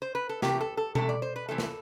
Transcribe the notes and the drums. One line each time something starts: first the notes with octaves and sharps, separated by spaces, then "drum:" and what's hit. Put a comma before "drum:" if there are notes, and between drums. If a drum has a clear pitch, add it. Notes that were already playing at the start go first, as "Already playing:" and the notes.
C5
B4
A4
C3 E3 A3 G4, drum: snare
A4
A4
C3 E3 A3 A4, drum: tom B2
D5
C5
B4
C3 E3 A3 A4
drum: snare